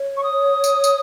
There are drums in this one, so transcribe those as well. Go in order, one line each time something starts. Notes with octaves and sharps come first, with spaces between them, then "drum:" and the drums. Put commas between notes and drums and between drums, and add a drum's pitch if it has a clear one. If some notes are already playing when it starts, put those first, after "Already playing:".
Already playing: C#5
C#6
D#6
drum: tambourine
drum: tambourine